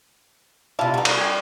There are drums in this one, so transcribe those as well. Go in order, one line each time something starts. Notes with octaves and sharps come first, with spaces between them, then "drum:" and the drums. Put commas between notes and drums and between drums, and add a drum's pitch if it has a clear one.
C3 E4 F4 F5 A5
G3 B3 F#4 A#5
drum: cymbal
G5 G#5